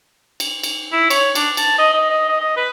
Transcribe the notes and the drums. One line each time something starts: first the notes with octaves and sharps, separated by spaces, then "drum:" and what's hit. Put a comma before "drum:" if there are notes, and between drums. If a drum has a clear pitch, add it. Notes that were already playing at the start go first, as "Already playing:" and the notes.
drum: cymbal
drum: cymbal
E4
C#5, drum: cymbal
D4, drum: cymbal
A5, drum: cymbal
D#5
D#5
D#5
D#5
D#5
B4